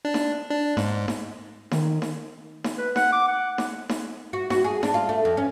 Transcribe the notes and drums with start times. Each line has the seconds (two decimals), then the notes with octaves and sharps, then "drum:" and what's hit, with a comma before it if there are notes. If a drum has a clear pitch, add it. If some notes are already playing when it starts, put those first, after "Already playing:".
0.05 D4
0.14 drum: snare D#4
0.50 D4
0.77 G#2, drum: snare D#4
1.08 drum: snare D#4
1.71 D#3, drum: snare D#4
2.02 drum: snare D#4
2.64 drum: snare D#4
2.78 B4
2.96 F#5, drum: snare D#4
3.13 D6
3.28 F#5
3.58 drum: snare D#4
3.89 drum: snare D#4
4.33 F#4
4.50 F#4, drum: snare D#4
4.64 G#4
4.83 D4, drum: snare D#4
4.94 F4
5.09 A3
5.25 F2
5.37 C#4